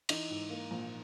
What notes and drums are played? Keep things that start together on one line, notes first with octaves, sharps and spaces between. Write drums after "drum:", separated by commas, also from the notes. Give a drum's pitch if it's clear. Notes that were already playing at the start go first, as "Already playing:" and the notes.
E3 D#4, drum: cymbal
G#2
A#3
A#1